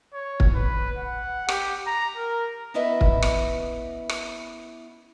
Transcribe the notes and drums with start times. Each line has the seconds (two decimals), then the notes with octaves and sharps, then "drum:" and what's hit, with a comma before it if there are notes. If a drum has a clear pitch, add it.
0.13 C#5
0.40 drum: kick
0.54 B4
0.97 F#5
1.49 G4, drum: rim click
1.87 A#5
2.17 A#4
2.74 B3 C#4 E4 B4 D#5 E5
3.01 drum: kick
3.22 drum: rim click
4.09 drum: rim click